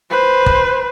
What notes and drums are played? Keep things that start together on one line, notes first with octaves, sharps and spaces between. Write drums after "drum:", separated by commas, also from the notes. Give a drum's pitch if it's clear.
B4 C5
drum: kick